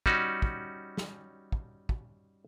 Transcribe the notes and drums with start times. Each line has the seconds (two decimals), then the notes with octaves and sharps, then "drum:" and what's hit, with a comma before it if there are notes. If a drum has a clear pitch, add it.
0.06 G3 C#4 D#4 F#4, drum: kick
0.42 drum: kick
0.97 drum: snare
1.52 drum: kick
1.89 drum: kick